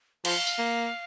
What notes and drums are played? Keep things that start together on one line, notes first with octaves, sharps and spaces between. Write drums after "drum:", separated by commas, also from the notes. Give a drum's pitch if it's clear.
F3 F5, drum: cymbal
drum: tambourine
A#3